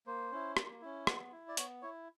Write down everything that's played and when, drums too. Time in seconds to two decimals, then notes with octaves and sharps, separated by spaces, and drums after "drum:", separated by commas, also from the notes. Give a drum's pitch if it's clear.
0.06 A#3 C5
0.32 C#4 E4
0.57 A#3, drum: rim click
0.81 C#4 E4
1.07 B3, drum: rim click
1.32 E4
1.48 D5
1.57 B3 C#5, drum: hi-hat
1.82 E4 C#5